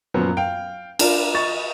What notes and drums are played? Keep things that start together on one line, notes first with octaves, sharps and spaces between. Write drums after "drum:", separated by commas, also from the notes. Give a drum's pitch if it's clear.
F#2 A#2 F3 F#3 B3
F5 G5
D4 F4 A#4 D5 A#5, drum: cymbal
D#5 C#6 A6